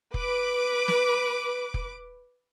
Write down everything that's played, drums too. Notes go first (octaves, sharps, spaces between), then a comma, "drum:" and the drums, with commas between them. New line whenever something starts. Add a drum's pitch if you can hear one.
B4 D6, drum: kick F1
drum: snare
drum: kick F1